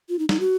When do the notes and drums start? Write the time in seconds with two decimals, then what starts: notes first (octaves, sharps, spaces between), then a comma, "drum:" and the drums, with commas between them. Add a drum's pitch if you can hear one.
0.09 F4
0.19 D#4
0.29 D#4, drum: snare
0.40 F#4